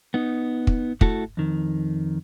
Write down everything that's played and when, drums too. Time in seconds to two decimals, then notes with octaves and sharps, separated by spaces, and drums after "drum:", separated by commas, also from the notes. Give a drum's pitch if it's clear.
0.14 B3 D#4
0.67 drum: kick
1.01 A3 E4 F#4 A4, drum: kick
1.37 F2 D#3